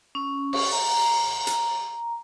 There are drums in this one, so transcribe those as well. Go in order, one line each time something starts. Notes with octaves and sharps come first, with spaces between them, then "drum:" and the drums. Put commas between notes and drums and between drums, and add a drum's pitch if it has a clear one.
C#4
C#6, drum: cymbal
A#5
drum: hi-hat